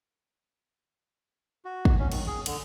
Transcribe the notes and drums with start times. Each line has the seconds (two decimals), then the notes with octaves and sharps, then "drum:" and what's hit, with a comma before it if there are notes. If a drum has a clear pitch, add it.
1.65 F#4
1.85 drum: kick
1.99 C#4
2.12 D#3, drum: cymbal
2.27 G#4
2.46 D3, drum: cymbal